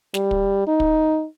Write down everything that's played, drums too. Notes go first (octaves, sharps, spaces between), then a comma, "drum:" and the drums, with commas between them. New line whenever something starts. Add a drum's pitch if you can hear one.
G3, drum: snare
drum: kick
D#4
drum: kick